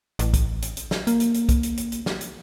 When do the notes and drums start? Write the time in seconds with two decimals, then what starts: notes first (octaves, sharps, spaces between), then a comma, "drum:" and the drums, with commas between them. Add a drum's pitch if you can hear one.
0.19 A1, drum: hi-hat
0.34 drum: kick B1, hi-hat
0.62 drum: hi-hat
0.77 drum: hi-hat
0.91 drum: snare
1.07 A#3, drum: hi-hat
1.20 drum: hi-hat
1.34 drum: hi-hat
1.49 drum: kick B1, hi-hat
1.63 drum: hi-hat
1.77 drum: hi-hat
1.92 drum: hi-hat
2.06 drum: snare
2.21 drum: hi-hat